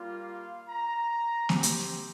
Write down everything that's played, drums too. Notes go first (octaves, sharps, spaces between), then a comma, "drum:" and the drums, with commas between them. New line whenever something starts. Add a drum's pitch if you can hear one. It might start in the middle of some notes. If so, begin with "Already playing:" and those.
Already playing: G3 A#3 F4
F5
A#5
C4 G4, drum: snare A#3
drum: hi-hat